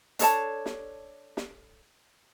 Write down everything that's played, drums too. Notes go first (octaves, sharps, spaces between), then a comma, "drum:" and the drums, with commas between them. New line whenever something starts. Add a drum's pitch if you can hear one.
D4 A4 C#5 A5, drum: hi-hat
drum: snare
drum: snare